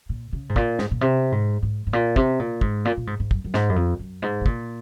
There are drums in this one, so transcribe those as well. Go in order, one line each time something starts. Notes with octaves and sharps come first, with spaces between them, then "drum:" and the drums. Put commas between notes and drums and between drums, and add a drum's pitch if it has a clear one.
A#2
C#3
G#2
A#2, drum: kick
G#2, drum: snare
A#2
C3
G#2
G#2
G#2
A#2
C3, drum: kick
A#2
G#2, drum: kick
A#2
A#2
G#2
G#2
F#2, drum: kick
F#2
G#2, drum: snare
F#2
F2
F#2
G#2
C3
A#2, drum: kick